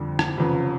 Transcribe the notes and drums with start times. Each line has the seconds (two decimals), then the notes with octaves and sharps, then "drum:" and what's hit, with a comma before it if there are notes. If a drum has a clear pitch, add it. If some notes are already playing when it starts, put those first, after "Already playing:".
Already playing: F2 D3 G3
0.19 drum: rim click
0.37 F1 F2 C#3 B4